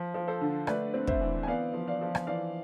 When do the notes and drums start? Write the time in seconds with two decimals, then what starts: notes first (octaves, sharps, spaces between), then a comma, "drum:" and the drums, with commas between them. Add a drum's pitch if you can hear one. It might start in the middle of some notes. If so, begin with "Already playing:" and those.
Already playing: F3
0.14 F3
0.28 A4 C5
0.41 D3
0.67 A3 B4 D5, drum: rim click
0.94 C4
1.07 C5 E5, drum: kick
1.21 E3
1.43 G#5
1.47 B3 D5 F5
1.74 F3
1.87 D5 F5
2.01 F3
2.15 drum: rim click
2.27 E3 D5 F5